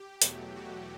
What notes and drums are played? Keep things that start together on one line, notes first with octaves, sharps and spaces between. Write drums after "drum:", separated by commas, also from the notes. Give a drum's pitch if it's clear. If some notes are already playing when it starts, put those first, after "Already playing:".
Already playing: G4
E2 B2 F#3 A3, drum: hi-hat
F#4